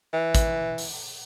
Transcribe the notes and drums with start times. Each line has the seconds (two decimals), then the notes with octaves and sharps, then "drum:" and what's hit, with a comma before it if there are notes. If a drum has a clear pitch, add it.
0.13 E3
0.35 drum: kick, hi-hat
0.78 drum: open hi-hat